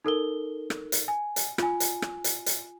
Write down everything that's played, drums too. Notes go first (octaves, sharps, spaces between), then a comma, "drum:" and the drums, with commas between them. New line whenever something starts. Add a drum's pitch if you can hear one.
D#4 A4 A#4 G7
drum: rim click
drum: hi-hat
G#5
drum: hi-hat
F4 G#5, drum: rim click
drum: hi-hat
drum: rim click
drum: hi-hat
drum: hi-hat